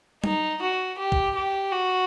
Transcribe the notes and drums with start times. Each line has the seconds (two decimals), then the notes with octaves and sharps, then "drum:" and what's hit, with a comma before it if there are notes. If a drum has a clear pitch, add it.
0.24 D#4, drum: tom G3
0.61 F#4
0.98 G4
1.12 drum: kick
1.35 G4
1.72 F#4